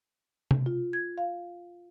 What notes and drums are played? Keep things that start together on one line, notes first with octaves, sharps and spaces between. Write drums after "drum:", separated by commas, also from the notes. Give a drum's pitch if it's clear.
drum: tom C3
F4
G#6
F5